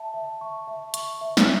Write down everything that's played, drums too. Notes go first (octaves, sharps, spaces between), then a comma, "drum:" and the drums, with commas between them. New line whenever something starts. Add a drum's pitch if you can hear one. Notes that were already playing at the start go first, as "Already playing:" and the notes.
Already playing: E5 A5
E5
C#6
E5
C#6, drum: hi-hat
E5
drum: snare